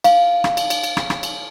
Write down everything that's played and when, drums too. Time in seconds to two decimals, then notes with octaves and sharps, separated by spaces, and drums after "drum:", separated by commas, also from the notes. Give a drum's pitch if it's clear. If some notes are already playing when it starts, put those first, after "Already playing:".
0.04 F5, drum: cymbal
0.44 drum: rim click
0.57 drum: cymbal
0.70 drum: cymbal
0.84 drum: cymbal
0.97 drum: rim click
1.10 drum: rim click
1.23 drum: cymbal